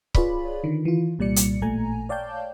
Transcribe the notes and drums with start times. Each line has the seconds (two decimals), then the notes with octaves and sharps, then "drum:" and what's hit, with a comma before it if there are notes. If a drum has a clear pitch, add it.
0.14 F4 G#4 B4 C#5 D5 B5, drum: kick C#1
0.64 D3 D#3
0.85 E3 F4
1.19 C2 A#2 G3 D5 C#7
1.36 drum: hi-hat
1.62 A1 A#2 A3 G#5 A#5
2.09 C#5 D5 F5 G5 A5 G6